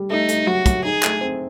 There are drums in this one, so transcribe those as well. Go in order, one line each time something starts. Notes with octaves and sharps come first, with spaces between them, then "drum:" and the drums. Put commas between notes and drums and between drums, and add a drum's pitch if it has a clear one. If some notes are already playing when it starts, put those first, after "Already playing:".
Already playing: G3
A3 D#4
A3, drum: hi-hat
F#3 F#4
F#3, drum: kick, hi-hat
D#4 G#4
A3, drum: clap
C4